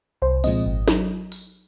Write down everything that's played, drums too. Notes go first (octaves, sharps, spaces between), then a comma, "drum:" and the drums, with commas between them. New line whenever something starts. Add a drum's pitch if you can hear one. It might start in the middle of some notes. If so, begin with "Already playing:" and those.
C2 C5
A#2 F3 G#3 C4 D#5, drum: open hi-hat
G#1
F#3, drum: snare
drum: open hi-hat